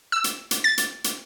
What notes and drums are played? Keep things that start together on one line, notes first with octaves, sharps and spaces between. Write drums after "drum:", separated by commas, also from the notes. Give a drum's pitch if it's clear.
E6
drum: hi-hat
drum: hi-hat
A6
drum: hi-hat
drum: hi-hat